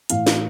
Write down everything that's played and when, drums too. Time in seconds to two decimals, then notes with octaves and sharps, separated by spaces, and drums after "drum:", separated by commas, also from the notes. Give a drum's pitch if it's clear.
0.10 A2 E3 F5, drum: hi-hat
0.27 drum: snare